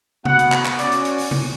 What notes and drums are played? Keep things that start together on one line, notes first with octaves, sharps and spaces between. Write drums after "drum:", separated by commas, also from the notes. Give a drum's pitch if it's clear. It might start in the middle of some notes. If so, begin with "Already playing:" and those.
B3 F#4 F#5, drum: tom C3
drum: hi-hat
drum: clap
drum: clap
C#4 F#4 D5, drum: hi-hat
drum: hi-hat
drum: hi-hat
drum: open hi-hat
drum: tom C3